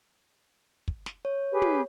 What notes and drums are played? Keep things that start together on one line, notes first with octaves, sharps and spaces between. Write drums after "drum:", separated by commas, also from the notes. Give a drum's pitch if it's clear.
drum: kick
drum: snare
C#5
G4 G#4 B4
drum: tom